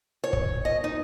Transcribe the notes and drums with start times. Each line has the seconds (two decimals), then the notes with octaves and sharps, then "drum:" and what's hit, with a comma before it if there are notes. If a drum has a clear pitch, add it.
0.24 C#5
0.33 drum: kick
0.65 D#5
0.84 D#4